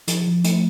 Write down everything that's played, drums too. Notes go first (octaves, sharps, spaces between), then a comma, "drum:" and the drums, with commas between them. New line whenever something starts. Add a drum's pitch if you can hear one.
F3, drum: hi-hat
F3
A3, drum: hi-hat